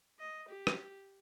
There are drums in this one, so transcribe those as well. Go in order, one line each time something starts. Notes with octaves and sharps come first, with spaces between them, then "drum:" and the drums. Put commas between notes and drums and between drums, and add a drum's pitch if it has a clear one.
D#5
G4
drum: rim click